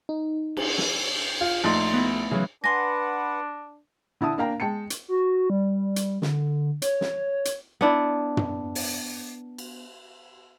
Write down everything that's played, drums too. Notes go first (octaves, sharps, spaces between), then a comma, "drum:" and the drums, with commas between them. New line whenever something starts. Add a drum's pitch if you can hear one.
D#4
drum: cymbal
drum: snare
F4
A#1 A3 D#4 C6
B3 E4
C#3 E3 F#3
D4 B4 F#5 G#5 C6 A#6
D3 E4 A5 D#6
A#3 D4 A#4 F5 G5 A#5
G#3 G5 A5 C#7
drum: hi-hat
F#4
G3
drum: hi-hat
D3, drum: snare
C#5, drum: hi-hat
drum: snare
drum: hi-hat
B3 D4 E4
drum: tom
drum: open hi-hat
drum: cymbal